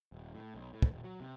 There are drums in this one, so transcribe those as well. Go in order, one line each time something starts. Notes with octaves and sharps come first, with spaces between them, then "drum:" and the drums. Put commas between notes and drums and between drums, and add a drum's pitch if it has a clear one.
D#1
A2
B1
A2
drum: kick
E1
F#3
C3